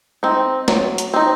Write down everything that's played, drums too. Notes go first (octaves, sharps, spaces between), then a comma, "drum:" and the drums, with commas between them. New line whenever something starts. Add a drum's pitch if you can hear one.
C4 D#4
F#3, drum: snare
drum: hi-hat
C4 D#4